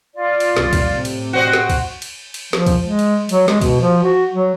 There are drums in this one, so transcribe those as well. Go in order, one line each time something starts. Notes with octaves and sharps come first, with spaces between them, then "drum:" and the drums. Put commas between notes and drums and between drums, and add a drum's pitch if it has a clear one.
F4 D5
drum: cymbal
F1 C2, drum: snare
drum: kick, cymbal
A2 C3
drum: cymbal
F#4 C5 D#5 G5
drum: snare
drum: kick, cymbal
drum: cymbal
drum: cymbal
F3, drum: snare
drum: kick, cymbal
G#3
drum: cymbal
F#3, drum: cymbal
G#3, drum: snare
B2, drum: kick, cymbal
F3
F#4
F#3